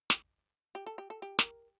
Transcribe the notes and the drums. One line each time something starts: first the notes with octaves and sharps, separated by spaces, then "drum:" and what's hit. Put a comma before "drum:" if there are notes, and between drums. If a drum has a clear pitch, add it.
drum: snare
G4
A4
G4
A4
G4
A#4, drum: snare